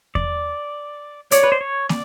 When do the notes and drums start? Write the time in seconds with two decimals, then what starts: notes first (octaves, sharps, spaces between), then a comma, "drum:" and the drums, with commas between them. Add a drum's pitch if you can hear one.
0.15 D5, drum: kick E2
1.31 C#5 D5, drum: hi-hat
1.44 B4
1.52 C5
1.61 C#5
1.89 D5, drum: snare